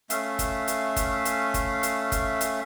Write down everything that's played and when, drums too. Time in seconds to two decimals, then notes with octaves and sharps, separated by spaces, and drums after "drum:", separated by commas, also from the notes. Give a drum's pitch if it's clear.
0.10 A3 C#4 E5 F5, drum: hi-hat
0.39 drum: kick, hi-hat
0.68 drum: hi-hat
0.96 drum: kick, hi-hat
1.25 drum: hi-hat
1.54 drum: kick, hi-hat
1.83 drum: hi-hat
2.12 drum: kick, hi-hat
2.41 drum: hi-hat